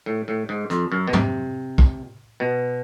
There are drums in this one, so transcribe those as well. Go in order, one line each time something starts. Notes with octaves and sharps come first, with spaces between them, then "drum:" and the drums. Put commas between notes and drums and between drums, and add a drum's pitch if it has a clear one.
A2
A2
G#2
F2, drum: hi-hat
F#2
B2
C3, drum: tom
drum: kick
B2